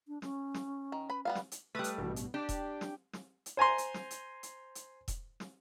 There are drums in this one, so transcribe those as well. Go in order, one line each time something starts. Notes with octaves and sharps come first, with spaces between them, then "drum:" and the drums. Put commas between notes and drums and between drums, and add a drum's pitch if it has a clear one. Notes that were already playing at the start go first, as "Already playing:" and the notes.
D4
C#4, drum: snare
drum: snare
D#3
B4 B5
G3 B3 F5
drum: snare
drum: hi-hat
G3 A3 B4 D#6
drum: hi-hat
A1 G2 B2
drum: hi-hat
D4 G4
drum: kick E1, hi-hat
drum: snare
drum: snare
drum: hi-hat
C5 G#5 A#5 C6
drum: hi-hat
drum: snare
drum: hi-hat
drum: hi-hat
drum: hi-hat
drum: kick E1, hi-hat
drum: snare